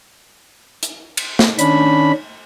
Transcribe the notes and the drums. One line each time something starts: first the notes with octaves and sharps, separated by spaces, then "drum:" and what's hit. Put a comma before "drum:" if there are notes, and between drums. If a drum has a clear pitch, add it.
drum: hi-hat
drum: cymbal
drum: snare
D#3 C#4 D4 B5, drum: hi-hat